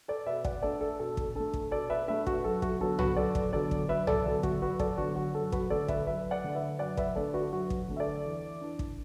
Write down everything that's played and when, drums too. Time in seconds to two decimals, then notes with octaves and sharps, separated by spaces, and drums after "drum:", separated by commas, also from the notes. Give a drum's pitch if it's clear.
0.08 A4 D5
0.26 B2 B4 E5
0.44 D5 F#5, drum: kick
0.62 A3 D4 A4 D5
0.81 A4
1.00 B2 A4
1.17 drum: kick
1.35 A3 D4 A4
1.54 drum: kick
1.71 B2 A4 D5
1.90 B4 E5
2.08 A3 D4 B4 E5
2.27 F#4, drum: kick
2.44 F#2 A4
2.62 F#4, drum: kick
2.80 D3 F#3 B3 D4 A4
2.99 F#4 B4, drum: tom
3.17 F#2 A4 D5
3.35 drum: kick
3.53 D3 F#3 B3 D4 A4 D5
3.71 drum: kick
3.89 F#2 B4 E5
4.07 A4 D5, drum: tom
4.26 D3 F#3 B3 D4 A4
4.43 F#4, drum: kick
4.61 F#2 F#4 B4
4.79 A4 D5, drum: kick
4.98 D3 F#3 B3 D4 F#4
5.16 F#4
5.35 F#2 A4
5.52 F#4 B4, drum: kick
5.70 D3 A3 D4 A4 D5
5.88 B4 E5, drum: kick
6.06 F#2 B4 E5
6.31 D5 F#5
6.44 D3 A3 D4
6.55 B4 E5
6.79 F#2 D5 F#5
6.97 B4 E5, drum: kick
7.15 D3 A3 D4 A4 D5
7.34 F#4 B4
7.52 F#2 F#4
7.70 drum: kick
7.88 D3 A3 D4
7.97 E5
8.00 A4 D5
8.25 E2
8.61 E3 D4
8.79 drum: kick